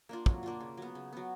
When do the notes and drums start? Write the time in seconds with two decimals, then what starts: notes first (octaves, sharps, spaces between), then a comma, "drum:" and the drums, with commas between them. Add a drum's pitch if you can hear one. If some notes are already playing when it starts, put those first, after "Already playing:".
0.09 A#3 D4 F4
0.26 F#3, drum: kick
0.43 A#3 D4 F4
0.60 C#3
0.77 F#3 B3
0.95 C#3
1.13 F#3 B3